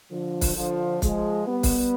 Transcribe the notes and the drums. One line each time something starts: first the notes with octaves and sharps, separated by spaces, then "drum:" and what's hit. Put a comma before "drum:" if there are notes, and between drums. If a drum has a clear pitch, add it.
D3 F3
drum: kick, open hi-hat
D3 F3
F3 G#3, drum: kick, hi-hat
G3 B3
drum: kick, open hi-hat